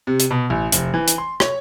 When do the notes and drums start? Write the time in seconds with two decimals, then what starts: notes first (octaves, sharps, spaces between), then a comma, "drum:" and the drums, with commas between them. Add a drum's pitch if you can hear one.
0.07 C3
0.20 drum: hi-hat
0.31 B2
0.50 A1
0.72 F1, drum: hi-hat
0.94 E3
1.08 drum: hi-hat
1.18 C6
1.40 C#5, drum: rim click